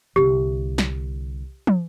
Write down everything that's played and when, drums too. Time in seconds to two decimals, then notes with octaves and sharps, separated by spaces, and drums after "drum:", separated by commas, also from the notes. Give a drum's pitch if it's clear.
0.16 C2 D3 G4
0.78 drum: snare
1.67 drum: tom